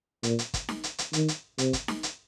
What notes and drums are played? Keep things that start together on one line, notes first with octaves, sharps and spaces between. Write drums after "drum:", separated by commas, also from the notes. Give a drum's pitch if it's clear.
A#2, drum: hi-hat
drum: hi-hat
drum: kick, hi-hat
drum: snare D#4
drum: hi-hat
drum: hi-hat
D#3, drum: hi-hat
drum: hi-hat
C3, drum: hi-hat
drum: kick, hi-hat
drum: snare D#4
drum: hi-hat